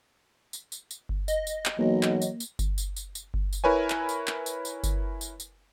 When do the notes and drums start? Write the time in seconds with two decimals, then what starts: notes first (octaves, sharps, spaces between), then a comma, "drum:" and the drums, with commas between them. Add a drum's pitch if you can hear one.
0.53 drum: tambourine
0.72 drum: tambourine
0.91 drum: tambourine
1.09 drum: kick G1
1.28 D#5, drum: tambourine
1.47 drum: tambourine
1.65 drum: clap
1.79 B1 E3 F#3 A#3
2.03 drum: clap
2.22 drum: tambourine
2.40 drum: tambourine
2.59 drum: kick G1, tambourine
2.78 drum: tambourine
2.96 drum: tambourine
3.15 drum: tambourine
3.34 drum: kick G1
3.53 drum: tambourine
3.64 E4 A#4 B4 C#5 G#5
3.90 drum: clap
4.09 drum: tambourine
4.27 drum: clap
4.46 drum: tambourine
4.65 drum: tambourine
4.84 drum: kick G1, tambourine
5.21 drum: tambourine
5.40 drum: tambourine